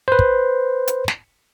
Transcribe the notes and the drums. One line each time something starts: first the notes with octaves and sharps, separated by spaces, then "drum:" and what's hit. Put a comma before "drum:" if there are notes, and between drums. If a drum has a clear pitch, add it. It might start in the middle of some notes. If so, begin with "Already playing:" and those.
B4 C5
drum: kick
drum: hi-hat
drum: snare